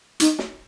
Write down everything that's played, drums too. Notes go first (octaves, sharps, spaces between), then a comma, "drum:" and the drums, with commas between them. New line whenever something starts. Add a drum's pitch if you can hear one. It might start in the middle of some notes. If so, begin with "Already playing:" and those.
D#4, drum: hi-hat
drum: snare